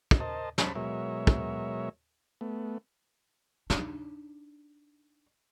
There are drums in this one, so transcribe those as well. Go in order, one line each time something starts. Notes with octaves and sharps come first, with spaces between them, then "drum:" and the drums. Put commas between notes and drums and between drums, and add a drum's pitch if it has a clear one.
drum: kick
A#4 C5 D#5 A5
C#4 C5 A5 B5, drum: snare
B2 F#3 G#3 A#4 C#5 E5
drum: kick
A3 B3
D4 D#4, drum: snare